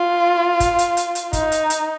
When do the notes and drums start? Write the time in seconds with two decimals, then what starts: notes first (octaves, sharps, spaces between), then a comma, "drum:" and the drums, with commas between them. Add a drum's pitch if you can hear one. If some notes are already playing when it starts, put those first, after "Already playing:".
Already playing: F4
0.60 drum: kick, hi-hat
0.79 drum: hi-hat
0.97 drum: hi-hat
1.15 drum: hi-hat
1.33 D#4, drum: kick, hi-hat
1.52 drum: hi-hat
1.70 drum: hi-hat